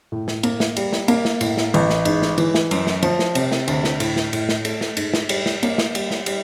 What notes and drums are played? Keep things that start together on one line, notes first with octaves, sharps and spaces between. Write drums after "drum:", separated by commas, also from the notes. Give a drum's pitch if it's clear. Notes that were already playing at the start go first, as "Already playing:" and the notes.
A2
drum: snare
A#3, drum: cymbal
drum: snare
G3, drum: cymbal
drum: snare
A#3, drum: cymbal
drum: snare
A2, drum: cymbal
drum: snare
A1, drum: cymbal
drum: snare
G#2, drum: cymbal
drum: snare
E3, drum: cymbal
drum: snare
F#2, drum: cymbal
drum: snare
F3, drum: cymbal
drum: snare
C3, drum: cymbal
drum: snare
D2, drum: cymbal
drum: snare
A2, drum: cymbal
drum: snare
A2, drum: cymbal
drum: snare
A3, drum: cymbal
drum: snare
G#2, drum: cymbal
drum: snare
G3, drum: cymbal
drum: snare
A#3, drum: cymbal
drum: snare
G3, drum: cymbal
drum: snare
G3, drum: cymbal